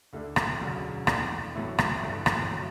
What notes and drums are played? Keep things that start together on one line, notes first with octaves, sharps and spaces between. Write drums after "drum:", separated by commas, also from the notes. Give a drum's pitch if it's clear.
D2 D3 A3 D4
drum: rim click
E1 D2 C#3 F#3
E2 B2 A3 D4, drum: rim click
A1 A2 F#3 B3 E4
drum: rim click
G1 G2 E3 A3
drum: rim click
B2 F#3